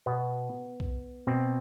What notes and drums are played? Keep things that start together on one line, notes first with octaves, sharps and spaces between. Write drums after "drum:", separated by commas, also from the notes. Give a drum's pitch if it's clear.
B2 B3
drum: kick B1
B2 C4